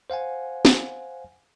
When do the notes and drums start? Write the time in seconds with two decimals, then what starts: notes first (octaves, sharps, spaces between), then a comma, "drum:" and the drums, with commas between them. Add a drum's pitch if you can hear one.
0.10 C5 F5 F#5 G#5
0.65 drum: snare